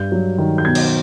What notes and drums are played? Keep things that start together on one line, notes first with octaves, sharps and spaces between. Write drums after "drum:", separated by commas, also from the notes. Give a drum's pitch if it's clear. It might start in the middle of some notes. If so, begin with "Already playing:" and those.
Already playing: G2 G6
F#3
D#3
G6
B2 G#6
drum: cymbal